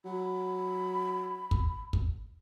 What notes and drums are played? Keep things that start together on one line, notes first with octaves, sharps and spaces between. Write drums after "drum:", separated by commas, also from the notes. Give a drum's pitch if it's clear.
F#3 B5
drum: kick
drum: kick